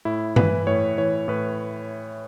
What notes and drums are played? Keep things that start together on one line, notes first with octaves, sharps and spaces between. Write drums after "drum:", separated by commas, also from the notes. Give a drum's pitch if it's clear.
A2 E4
E3 B4, drum: tom G2
A2 C#5
E3 C#5
A2 B4